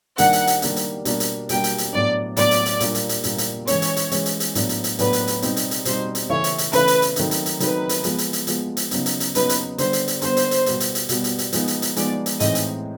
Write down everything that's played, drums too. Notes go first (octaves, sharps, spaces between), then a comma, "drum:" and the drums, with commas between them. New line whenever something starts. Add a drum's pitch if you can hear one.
D#3 G3 A#3 D4 F#5, drum: hi-hat
drum: hi-hat
drum: hi-hat
D#3 G3 A#3 D4, drum: hi-hat
drum: hi-hat
B2 G3 A#3 D4, drum: hi-hat
drum: hi-hat
B2 G3 A#3 D4 G5, drum: hi-hat
drum: hi-hat
drum: hi-hat
A2 F#3 B3 D4 D5
A2 F#3 B3 D4 D5, drum: hi-hat
drum: hi-hat
drum: hi-hat
A#2 G3 A#3 D4, drum: hi-hat
drum: hi-hat
drum: hi-hat
A#2 G3 A#3 D4, drum: hi-hat
drum: hi-hat
E3 G#3 C#4 C#5, drum: hi-hat
drum: hi-hat
drum: hi-hat
E3 G#3 C#4, drum: hi-hat
drum: hi-hat
drum: hi-hat
A2 F#3 B3 D4, drum: hi-hat
drum: hi-hat
drum: hi-hat
A2 F#3 B3 D4 B4, drum: hi-hat
drum: hi-hat
drum: hi-hat
B2 G3 C4 D#4, drum: hi-hat
drum: hi-hat
drum: hi-hat
B2 G3 C4 D#4 C5, drum: hi-hat
drum: hi-hat
C#3 E3 A3 C#4 E4 C#5
drum: hi-hat
drum: hi-hat
C#3 E3 A3 C#4 E4 B4, drum: hi-hat
drum: hi-hat
drum: hi-hat
D#3 F#3 A3 C4 D#4, drum: hi-hat
drum: hi-hat
drum: hi-hat
D#3 F#3 A3 C4 D#4 B4, drum: hi-hat
drum: hi-hat
F3 G#3 B3, drum: hi-hat
drum: hi-hat
drum: hi-hat
F3 G#3 B3, drum: hi-hat
drum: hi-hat
C#3 F#3 B3 D#4, drum: hi-hat
drum: hi-hat
drum: hi-hat
C#3 F#3 B3 D#4 B4, drum: hi-hat
drum: hi-hat
D3 G3 B3 C5, drum: hi-hat
drum: hi-hat
drum: hi-hat
D3 G3 B3 C5, drum: hi-hat
drum: hi-hat
drum: hi-hat
B2 G3 B3, drum: hi-hat
drum: hi-hat
drum: hi-hat
B2 G3 B3, drum: hi-hat
drum: hi-hat
drum: hi-hat
F3 G#3 B3 D#4, drum: hi-hat
drum: hi-hat
drum: hi-hat
F3 G#3 B3 D#4 D5, drum: hi-hat
drum: hi-hat
A2 E3 G#3 C4 D#4 D#5, drum: hi-hat
drum: hi-hat